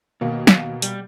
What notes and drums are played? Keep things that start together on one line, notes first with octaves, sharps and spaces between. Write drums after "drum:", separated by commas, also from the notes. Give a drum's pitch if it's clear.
D#2 B2 A#3
drum: snare
G3, drum: hi-hat